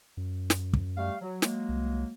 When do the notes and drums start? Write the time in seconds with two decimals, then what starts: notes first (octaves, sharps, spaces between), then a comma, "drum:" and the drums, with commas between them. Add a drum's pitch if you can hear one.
0.17 F#2
0.50 drum: snare
0.73 drum: kick
0.97 G3 A3 F5
1.21 F#3
1.42 F#3 G#3 A#3, drum: snare
1.69 C2